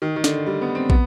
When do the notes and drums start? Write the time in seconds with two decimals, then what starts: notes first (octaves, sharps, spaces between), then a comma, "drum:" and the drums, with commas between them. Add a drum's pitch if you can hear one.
0.02 D#3
0.16 D#3
0.24 D3, drum: snare
0.46 G3
0.61 B3
0.75 C4
0.90 B3, drum: kick